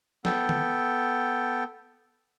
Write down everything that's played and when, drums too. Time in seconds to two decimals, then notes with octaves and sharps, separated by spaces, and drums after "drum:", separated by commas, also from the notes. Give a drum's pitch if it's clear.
0.25 B3 A4 G5, drum: snare
0.49 drum: tom